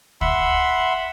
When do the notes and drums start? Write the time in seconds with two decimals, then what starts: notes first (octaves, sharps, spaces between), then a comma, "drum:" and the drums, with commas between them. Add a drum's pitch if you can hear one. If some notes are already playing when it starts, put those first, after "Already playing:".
0.21 E5 F#5 B5 C6 E6, drum: kick